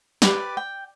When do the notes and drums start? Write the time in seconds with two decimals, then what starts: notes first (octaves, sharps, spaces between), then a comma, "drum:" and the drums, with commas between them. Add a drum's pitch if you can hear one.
0.22 G4 B4 D5, drum: snare
0.57 G5